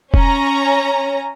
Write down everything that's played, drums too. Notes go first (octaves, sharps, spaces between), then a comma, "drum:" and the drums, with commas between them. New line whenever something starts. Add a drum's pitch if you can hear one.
C#4 A#5, drum: kick E1